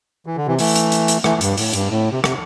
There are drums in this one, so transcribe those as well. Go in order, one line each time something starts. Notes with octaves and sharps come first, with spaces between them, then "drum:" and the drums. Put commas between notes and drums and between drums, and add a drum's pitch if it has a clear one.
E3
D3
C3 E3
E3 A3, drum: open hi-hat
drum: hi-hat
drum: hi-hat
drum: hi-hat
E3 A3, drum: rim click
G2, drum: hi-hat
A2, drum: open hi-hat
G2, drum: hi-hat
A2
C3
C3, drum: rim click